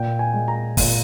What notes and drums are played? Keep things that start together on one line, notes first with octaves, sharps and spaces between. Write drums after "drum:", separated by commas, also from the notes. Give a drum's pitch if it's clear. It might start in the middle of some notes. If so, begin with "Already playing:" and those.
Already playing: A#2 G5
G#5
G#3
A#5
A#2, drum: kick, open hi-hat